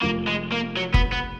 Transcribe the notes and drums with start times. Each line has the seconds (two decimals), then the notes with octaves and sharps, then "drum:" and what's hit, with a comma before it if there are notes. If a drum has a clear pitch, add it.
0.02 F1 F2 F3 A#3
0.27 G#3
0.52 A#3
0.77 F#3
0.94 B3, drum: kick F#1
1.13 B3